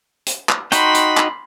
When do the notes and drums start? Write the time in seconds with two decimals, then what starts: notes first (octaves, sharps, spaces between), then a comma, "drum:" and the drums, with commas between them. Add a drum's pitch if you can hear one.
0.27 drum: hi-hat
0.49 drum: clap
0.72 D#4 F#4 G5 B5 C6, drum: hi-hat
0.95 drum: hi-hat
1.17 drum: clap